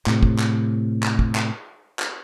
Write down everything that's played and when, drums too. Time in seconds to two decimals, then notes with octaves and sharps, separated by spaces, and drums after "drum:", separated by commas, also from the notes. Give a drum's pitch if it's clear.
0.07 A2 C3, drum: clap
0.23 drum: kick
0.39 drum: clap
1.03 drum: clap
1.19 drum: kick
1.35 drum: clap
1.99 drum: clap